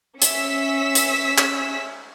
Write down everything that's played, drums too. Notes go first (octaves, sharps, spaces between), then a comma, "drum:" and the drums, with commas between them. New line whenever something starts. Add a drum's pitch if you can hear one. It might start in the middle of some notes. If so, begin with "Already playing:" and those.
C#4 E5 E6 B6, drum: hi-hat
drum: hi-hat
drum: clap